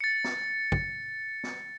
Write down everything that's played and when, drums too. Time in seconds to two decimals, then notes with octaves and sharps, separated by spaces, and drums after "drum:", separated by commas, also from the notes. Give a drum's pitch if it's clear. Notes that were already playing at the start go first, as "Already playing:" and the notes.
0.01 A6 C#7
0.24 drum: snare
0.72 drum: kick
1.43 drum: snare